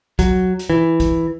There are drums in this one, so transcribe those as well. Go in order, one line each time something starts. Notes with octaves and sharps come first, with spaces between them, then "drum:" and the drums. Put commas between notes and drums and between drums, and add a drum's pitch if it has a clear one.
F#3, drum: kick, hi-hat
drum: hi-hat
E3
drum: kick, hi-hat